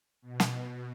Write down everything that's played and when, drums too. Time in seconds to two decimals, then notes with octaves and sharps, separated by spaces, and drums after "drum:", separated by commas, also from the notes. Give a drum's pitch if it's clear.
0.22 B2
0.40 drum: snare